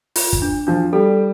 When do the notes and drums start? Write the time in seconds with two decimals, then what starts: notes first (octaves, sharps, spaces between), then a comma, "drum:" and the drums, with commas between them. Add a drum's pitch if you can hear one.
0.16 F4, drum: open hi-hat
0.33 drum: kick
0.42 D4
0.67 F3 D4
0.93 G3 A4